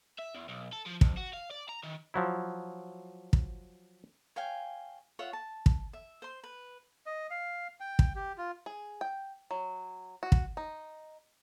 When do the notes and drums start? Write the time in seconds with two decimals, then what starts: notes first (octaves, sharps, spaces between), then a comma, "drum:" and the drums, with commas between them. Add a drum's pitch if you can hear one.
0.19 E5
0.35 E2
0.49 B1
0.73 A4
0.86 F3
1.01 F2, drum: kick
1.17 F#4
1.33 F5
1.51 D5
1.69 A#5
1.83 D#3
2.14 F3 F#3 E4
3.33 drum: kick
4.36 C#5 F5 G5 G#5
5.19 F4 C#5 E5 F#5
5.33 A5
5.66 drum: kick
5.93 E5
6.22 C5 C6
6.44 B4
7.06 D#5
7.31 F5
7.80 G5
7.99 drum: kick
8.15 G4
8.38 F4
8.66 G#4
9.01 G5
9.51 F#3
10.23 F#4
10.32 drum: kick
10.57 D#4